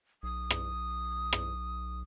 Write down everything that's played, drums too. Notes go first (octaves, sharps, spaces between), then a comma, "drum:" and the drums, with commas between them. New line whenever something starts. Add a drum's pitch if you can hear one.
B1 D#6
drum: rim click
drum: rim click